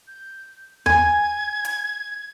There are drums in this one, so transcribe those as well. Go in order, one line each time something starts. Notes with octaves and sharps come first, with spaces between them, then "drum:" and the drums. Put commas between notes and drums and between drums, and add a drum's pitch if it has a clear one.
G6
G#5 G#6, drum: tom E2
drum: hi-hat